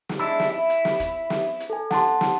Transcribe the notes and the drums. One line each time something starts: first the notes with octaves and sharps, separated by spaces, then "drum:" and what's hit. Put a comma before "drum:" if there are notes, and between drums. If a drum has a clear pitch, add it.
drum: snare
G#3 D4 E4 B5 E6
drum: snare
E4 E5
drum: hi-hat
drum: snare
drum: kick E1, hi-hat
drum: snare
drum: hi-hat
A4 G#5
F#5 A5 C6, drum: snare
drum: snare